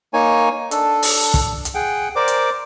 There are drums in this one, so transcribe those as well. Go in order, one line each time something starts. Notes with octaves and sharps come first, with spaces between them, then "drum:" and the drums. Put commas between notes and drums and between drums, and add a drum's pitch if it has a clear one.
A#3 D#4 C#5 G#5
D4 A4, drum: hi-hat
drum: open hi-hat
drum: kick, hi-hat
drum: hi-hat
G#4 F#5 G5
A#4 C5 D5 D6
drum: hi-hat